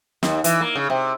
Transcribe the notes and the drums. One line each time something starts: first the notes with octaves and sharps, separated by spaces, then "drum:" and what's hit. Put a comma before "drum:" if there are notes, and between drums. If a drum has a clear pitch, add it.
D#2, drum: snare
E3, drum: hi-hat
A#3
C#3
C3